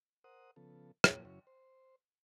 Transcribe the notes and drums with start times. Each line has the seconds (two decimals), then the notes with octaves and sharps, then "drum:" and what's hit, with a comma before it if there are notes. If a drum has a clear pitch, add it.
0.24 A#4 C5 F#5 D#6
0.56 C#3 F3 B3 A4
1.04 F2 A#2 F#3 A#3 E4, drum: rim click
1.25 F#2 C#3 F#3 E4 C#5
1.47 C5